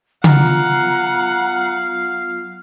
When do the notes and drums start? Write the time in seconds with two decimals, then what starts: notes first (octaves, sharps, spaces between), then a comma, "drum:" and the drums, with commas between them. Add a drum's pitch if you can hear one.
0.24 F#3 B3 F4 F5 F#5 A#5, drum: tom C#3